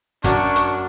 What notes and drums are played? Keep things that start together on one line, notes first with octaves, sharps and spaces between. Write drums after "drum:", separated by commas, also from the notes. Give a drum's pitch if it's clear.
F#2 D4 F#5 C#6, drum: kick, hi-hat
drum: hi-hat